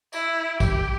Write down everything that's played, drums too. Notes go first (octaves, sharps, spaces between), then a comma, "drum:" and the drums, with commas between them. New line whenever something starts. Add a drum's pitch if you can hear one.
E4, drum: tambourine
G4, drum: kick, tambourine